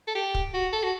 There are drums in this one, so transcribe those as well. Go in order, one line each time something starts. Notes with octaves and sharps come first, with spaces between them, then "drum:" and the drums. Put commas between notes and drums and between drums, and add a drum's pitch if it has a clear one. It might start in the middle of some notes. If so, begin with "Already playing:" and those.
A4
G4
drum: kick
F#4
A4
F#4